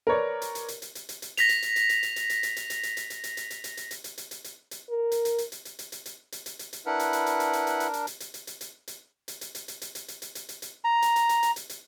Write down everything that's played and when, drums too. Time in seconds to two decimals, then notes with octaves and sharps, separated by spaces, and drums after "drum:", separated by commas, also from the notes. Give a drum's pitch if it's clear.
0.07 A#4 B4 C#5 D5
0.42 drum: hi-hat
0.55 drum: hi-hat
0.68 drum: hi-hat
0.82 drum: hi-hat
0.95 drum: hi-hat
1.09 drum: hi-hat
1.22 drum: hi-hat
1.37 A#6 B6 F7, drum: hi-hat
1.49 drum: hi-hat
1.62 drum: hi-hat
1.76 drum: hi-hat
1.89 drum: hi-hat
2.03 drum: hi-hat
2.16 drum: hi-hat
2.30 drum: hi-hat
2.43 drum: hi-hat
2.56 drum: hi-hat
2.70 drum: hi-hat
2.83 drum: hi-hat
2.97 drum: hi-hat
3.10 drum: hi-hat
3.24 drum: hi-hat
3.37 drum: hi-hat
3.50 drum: hi-hat
3.64 drum: hi-hat
3.77 drum: hi-hat
3.91 drum: hi-hat
4.04 drum: hi-hat
4.18 drum: hi-hat
4.31 drum: hi-hat
4.44 drum: hi-hat
4.71 drum: hi-hat
4.90 A#4
5.12 drum: hi-hat
5.25 drum: hi-hat
5.38 drum: hi-hat
5.52 drum: hi-hat
5.65 drum: hi-hat
5.79 drum: hi-hat
5.92 drum: hi-hat
6.06 drum: hi-hat
6.32 drum: hi-hat
6.46 drum: hi-hat
6.59 drum: hi-hat
6.73 drum: hi-hat
6.86 D4 E4 A#4 B4 F#5
7.00 drum: hi-hat
7.13 drum: hi-hat
7.26 drum: hi-hat
7.40 drum: hi-hat
7.53 drum: hi-hat
7.67 drum: hi-hat
7.80 drum: hi-hat
7.94 drum: hi-hat
8.07 drum: hi-hat
8.20 drum: hi-hat
8.34 drum: hi-hat
8.47 drum: hi-hat
8.61 drum: hi-hat
8.88 drum: hi-hat
9.28 drum: hi-hat
9.41 drum: hi-hat
9.55 drum: hi-hat
9.68 drum: hi-hat
9.82 drum: hi-hat
9.95 drum: hi-hat
10.08 drum: hi-hat
10.22 drum: hi-hat
10.35 drum: hi-hat
10.49 drum: hi-hat
10.62 drum: hi-hat
10.84 A#5
11.02 drum: hi-hat
11.16 drum: hi-hat
11.29 drum: hi-hat
11.43 drum: hi-hat
11.56 drum: hi-hat
11.70 drum: hi-hat